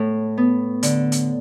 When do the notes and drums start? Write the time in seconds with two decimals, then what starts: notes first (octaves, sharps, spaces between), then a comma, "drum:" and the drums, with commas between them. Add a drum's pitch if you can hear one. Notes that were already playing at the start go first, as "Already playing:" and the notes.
Already playing: A2
0.38 B3
0.83 D3, drum: hi-hat
1.12 drum: hi-hat